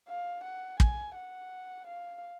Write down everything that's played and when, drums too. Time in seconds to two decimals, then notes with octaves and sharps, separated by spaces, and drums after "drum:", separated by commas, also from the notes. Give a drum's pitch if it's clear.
0.08 F5
0.43 F#5
0.80 G#5, drum: kick
1.15 F#5
1.87 F5